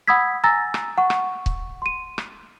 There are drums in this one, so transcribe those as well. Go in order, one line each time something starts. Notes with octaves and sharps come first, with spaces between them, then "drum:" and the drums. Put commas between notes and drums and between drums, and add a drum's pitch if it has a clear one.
F#5 B5 D#6 E6 G#6 B6
G#5 A#5 E6 A6 A#6
drum: rim click
F#5 C#6
drum: rim click
drum: kick C#1
C6 D#7
drum: rim click